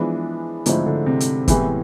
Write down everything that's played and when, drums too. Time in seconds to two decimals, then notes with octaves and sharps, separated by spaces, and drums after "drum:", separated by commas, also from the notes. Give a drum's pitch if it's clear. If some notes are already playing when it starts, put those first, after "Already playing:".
Already playing: E3 F3 G#3 B3 D4 G#4
0.66 G#2 D3 F3 A3 C4 E4, drum: hi-hat
0.86 D3
1.06 C3
1.20 drum: hi-hat
1.48 A2 C3 E3 G#3 B3, drum: kick, hi-hat